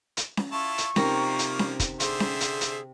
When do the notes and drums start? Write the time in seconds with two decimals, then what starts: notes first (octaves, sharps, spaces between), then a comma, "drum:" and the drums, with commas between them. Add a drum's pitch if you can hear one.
0.17 drum: hi-hat
0.37 drum: snare C#4
0.52 E4 F4 A5 C#6
0.78 drum: hi-hat
0.96 C3 F3 G3 A#3 D#4 A#4, drum: snare C#4
1.39 drum: hi-hat
1.59 drum: snare C#4
1.80 drum: kick, hi-hat
2.00 D3 G#4 C5 E5, drum: hi-hat
2.20 drum: snare C#4
2.41 drum: hi-hat
2.61 drum: hi-hat